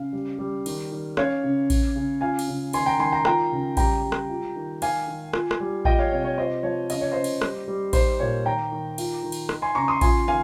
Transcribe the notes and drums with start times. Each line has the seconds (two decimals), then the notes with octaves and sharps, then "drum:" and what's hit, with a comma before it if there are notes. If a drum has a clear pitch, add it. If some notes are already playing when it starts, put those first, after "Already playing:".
Already playing: C#3 F5
0.13 G3
0.39 G3
0.66 D#3, drum: cymbal
0.92 D#3
1.17 C#4 C#5 F5, drum: rim click
1.44 C#3
1.70 C#3, drum: kick A1, cymbal
1.96 C#3
2.21 F4 F5 G#5
2.39 drum: cymbal
2.48 C#3
2.73 D#3 G#5 C6, drum: cymbal
2.86 G5 A#5
2.99 D#3 G#5 C6
3.12 G5 A#5
3.25 F4 G5 A#5, drum: rim click
3.52 C#3
3.77 G3 G5 A#5, drum: kick A1, cymbal
4.03 G3
4.12 drum: rim click
4.29 F4
4.56 D#3
4.82 D#3 F5 G#5, drum: cymbal
5.08 D#3
5.33 F4, drum: rim click
5.51 drum: rim click
5.60 G3
5.85 F4 D#5 G5, drum: kick A1
5.99 C#5 F5
6.12 C3 C#5
6.24 C#5
6.38 F4 C5 D#5
6.63 F3 C#5
6.90 C#3 D#5, drum: cymbal
7.01 C#5
7.12 C#3 C5 D#5
7.24 drum: cymbal
7.41 G3, drum: rim click
7.68 G3
7.93 D#4 C5, drum: kick A1, cymbal
8.19 A#2 C#5
8.46 D#3 G5 A#5
8.72 D#3
8.98 F4, drum: cymbal
9.23 D#3
9.32 drum: cymbal
9.49 D#4, drum: rim click
9.62 G#5 C6
9.75 C#3 A#5 C#6
9.88 C6 D#6
10.01 F4 G#5 C6, drum: kick A1, cymbal
10.27 D#3 F5 G#5